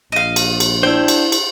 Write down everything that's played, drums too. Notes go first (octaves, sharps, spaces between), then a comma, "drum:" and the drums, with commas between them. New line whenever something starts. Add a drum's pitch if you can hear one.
A#1 D#5 F5
drum: cymbal
drum: cymbal
D4 E4 C5 G5
drum: cymbal
drum: cymbal